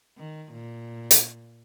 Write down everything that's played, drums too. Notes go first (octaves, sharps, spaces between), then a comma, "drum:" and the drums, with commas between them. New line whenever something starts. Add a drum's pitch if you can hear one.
D#3
A#2
drum: hi-hat